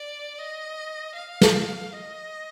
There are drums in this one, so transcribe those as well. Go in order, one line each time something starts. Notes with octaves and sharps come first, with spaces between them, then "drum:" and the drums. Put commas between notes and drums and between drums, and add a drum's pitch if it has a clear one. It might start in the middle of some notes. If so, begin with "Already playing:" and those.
Already playing: D5
D#5
F5
drum: snare
D#5